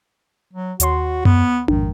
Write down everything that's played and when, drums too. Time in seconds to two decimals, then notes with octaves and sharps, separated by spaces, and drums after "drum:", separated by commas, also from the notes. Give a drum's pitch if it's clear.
0.53 F#3
0.80 D#2 F#4 C#5 C6, drum: hi-hat
1.25 B3, drum: tom F#2
1.68 A1 F2 G#2 D#3, drum: tom D4